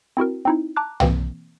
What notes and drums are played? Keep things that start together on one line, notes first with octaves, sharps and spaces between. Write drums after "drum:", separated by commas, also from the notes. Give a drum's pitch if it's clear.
C4 E4 F#4 A#4
C4 D#4 E4
A5 A#5 D6 F#6
B2 E3 A#3 C4, drum: tom